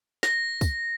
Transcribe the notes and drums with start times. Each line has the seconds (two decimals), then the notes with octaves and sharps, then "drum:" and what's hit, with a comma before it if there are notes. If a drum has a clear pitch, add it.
0.23 A#6, drum: snare
0.61 drum: kick, tambourine